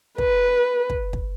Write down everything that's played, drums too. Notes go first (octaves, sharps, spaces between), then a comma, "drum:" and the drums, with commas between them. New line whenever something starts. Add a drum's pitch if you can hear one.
B4, drum: kick
drum: kick
drum: kick